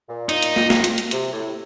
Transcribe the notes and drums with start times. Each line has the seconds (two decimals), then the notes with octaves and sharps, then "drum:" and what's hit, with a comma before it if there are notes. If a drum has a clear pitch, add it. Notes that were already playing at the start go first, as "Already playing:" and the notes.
0.08 A#2
0.29 D#4, drum: hi-hat
0.42 drum: hi-hat
0.56 drum: snare
0.70 drum: snare
0.84 drum: hi-hat
0.98 drum: hi-hat
1.11 C3, drum: hi-hat
1.32 A2